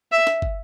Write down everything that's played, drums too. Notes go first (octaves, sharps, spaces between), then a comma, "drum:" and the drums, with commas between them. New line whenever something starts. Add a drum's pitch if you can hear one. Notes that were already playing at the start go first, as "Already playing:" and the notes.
E5
drum: snare
drum: kick